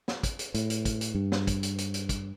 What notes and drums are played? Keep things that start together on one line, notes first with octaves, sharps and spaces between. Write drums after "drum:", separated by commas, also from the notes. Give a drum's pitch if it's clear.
drum: snare
drum: kick, hi-hat
drum: hi-hat
A2, drum: hi-hat
drum: hi-hat
drum: kick, hi-hat
drum: hi-hat
G2
drum: snare
drum: kick, hi-hat
drum: hi-hat
drum: hi-hat
drum: hi-hat
drum: kick, hi-hat